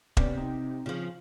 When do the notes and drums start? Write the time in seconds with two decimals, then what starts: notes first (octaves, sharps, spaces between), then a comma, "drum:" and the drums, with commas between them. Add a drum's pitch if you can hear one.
0.17 C3 B3 C#4 D5, drum: kick E1
0.37 D#4
0.86 C#3 F3 F4